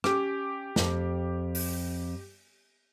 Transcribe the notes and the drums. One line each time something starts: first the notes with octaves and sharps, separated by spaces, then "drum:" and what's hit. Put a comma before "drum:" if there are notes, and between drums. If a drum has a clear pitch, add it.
C#4 G4 D6, drum: rim click
F2, drum: snare
drum: open hi-hat